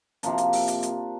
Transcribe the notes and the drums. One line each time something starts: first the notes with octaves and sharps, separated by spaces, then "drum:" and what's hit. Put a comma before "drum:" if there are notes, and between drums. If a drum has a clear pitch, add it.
C3 F3 A#3 D4, drum: hi-hat
drum: hi-hat
drum: open hi-hat
drum: hi-hat
drum: hi-hat